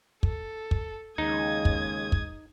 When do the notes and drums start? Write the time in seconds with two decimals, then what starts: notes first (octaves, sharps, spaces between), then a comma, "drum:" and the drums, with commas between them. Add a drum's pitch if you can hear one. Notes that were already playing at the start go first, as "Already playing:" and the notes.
0.23 A4, drum: kick
0.71 drum: kick
1.18 D#2 C#3 G#3 D#4 D#6 G#6
1.65 drum: kick
2.12 drum: kick